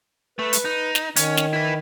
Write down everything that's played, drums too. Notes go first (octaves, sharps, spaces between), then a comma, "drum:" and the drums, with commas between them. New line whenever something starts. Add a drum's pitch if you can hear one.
A3 B4
drum: hi-hat
D#4
drum: snare
D#3 C#4, drum: hi-hat
drum: snare
E4 B4